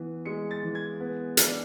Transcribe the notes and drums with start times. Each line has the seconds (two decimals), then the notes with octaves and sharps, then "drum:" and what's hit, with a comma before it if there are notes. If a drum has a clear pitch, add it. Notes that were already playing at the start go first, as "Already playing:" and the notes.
Already playing: E3 B3
0.25 G#3 C#7
0.51 A6
0.63 E3
0.75 G#6
1.00 B3
1.37 D4, drum: hi-hat